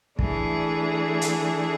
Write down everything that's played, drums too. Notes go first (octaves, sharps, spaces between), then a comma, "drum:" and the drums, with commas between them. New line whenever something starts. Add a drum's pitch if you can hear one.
E3 A3 D4 G#4, drum: kick
drum: hi-hat